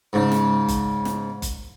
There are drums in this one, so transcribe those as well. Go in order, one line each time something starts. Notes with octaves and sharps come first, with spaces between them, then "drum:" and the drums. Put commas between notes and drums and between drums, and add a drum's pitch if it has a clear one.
G#2 C#3
drum: snare
drum: kick F#1, hi-hat
drum: snare
drum: kick F#1, hi-hat